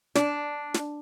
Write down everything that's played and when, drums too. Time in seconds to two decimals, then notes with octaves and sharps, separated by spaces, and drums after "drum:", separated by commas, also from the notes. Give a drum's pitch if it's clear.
0.15 D4, drum: snare
0.74 drum: snare